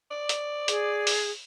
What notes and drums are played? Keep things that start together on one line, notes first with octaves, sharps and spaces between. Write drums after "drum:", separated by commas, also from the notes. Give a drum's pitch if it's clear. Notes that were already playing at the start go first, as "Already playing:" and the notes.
D5
drum: hi-hat
G#4, drum: hi-hat
drum: open hi-hat